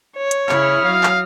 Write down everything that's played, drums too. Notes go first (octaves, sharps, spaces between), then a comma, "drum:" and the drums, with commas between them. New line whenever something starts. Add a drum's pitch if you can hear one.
C#5
drum: hi-hat
C#3 E4 D#6 F6, drum: clap
F#3 F5
drum: clap